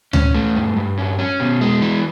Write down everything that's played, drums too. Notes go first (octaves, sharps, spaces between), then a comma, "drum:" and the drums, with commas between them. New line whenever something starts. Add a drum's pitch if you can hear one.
C#4, drum: tom D2
A3
G2
G2
C#4
C#4
B2
G#3
E3